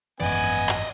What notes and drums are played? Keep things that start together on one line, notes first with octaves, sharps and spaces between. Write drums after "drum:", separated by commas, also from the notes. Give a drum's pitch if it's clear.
G#1 F#2 E3 B3 D5 D#5 G#5, drum: hi-hat
drum: hi-hat
drum: hi-hat
drum: clap